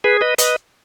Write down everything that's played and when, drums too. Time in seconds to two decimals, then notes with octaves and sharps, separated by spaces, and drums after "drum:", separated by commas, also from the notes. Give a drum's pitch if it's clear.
0.04 G#4 B4
0.21 B4 D#5
0.38 B4 D#5, drum: hi-hat